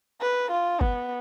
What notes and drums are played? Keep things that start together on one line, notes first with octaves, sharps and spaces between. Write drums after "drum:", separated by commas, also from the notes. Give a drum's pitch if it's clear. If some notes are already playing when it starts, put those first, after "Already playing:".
B4
F4
B3, drum: kick G1